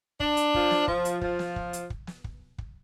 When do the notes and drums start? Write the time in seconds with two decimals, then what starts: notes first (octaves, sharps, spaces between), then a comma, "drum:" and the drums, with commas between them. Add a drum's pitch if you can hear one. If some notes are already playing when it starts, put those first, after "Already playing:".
0.20 D4, drum: kick
0.37 drum: hi-hat
0.54 F3, drum: kick
0.71 drum: snare
0.88 F3, drum: kick
1.05 drum: hi-hat
1.21 F3, drum: kick
1.39 drum: snare
1.56 drum: kick
1.73 drum: hi-hat
1.90 drum: kick
2.07 drum: snare
2.24 drum: kick
2.58 drum: kick